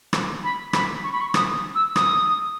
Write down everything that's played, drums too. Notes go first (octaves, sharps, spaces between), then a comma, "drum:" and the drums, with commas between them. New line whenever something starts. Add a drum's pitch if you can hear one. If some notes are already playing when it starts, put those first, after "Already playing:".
drum: rim click
B5
B5, drum: rim click
C#6
B5
C#6
D#6, drum: rim click
E6
D#6, drum: rim click